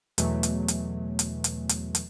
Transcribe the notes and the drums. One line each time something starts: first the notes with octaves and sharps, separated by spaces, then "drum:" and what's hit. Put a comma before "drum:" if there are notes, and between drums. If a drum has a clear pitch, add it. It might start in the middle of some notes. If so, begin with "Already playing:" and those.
E2 B2 E3 F#3 A3, drum: hi-hat
drum: hi-hat
drum: hi-hat
drum: hi-hat
drum: hi-hat
drum: hi-hat
drum: hi-hat